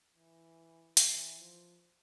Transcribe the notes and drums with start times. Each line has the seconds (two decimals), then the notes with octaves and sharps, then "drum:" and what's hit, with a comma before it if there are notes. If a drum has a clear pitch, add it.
0.13 E3
0.97 E3, drum: hi-hat
1.40 F3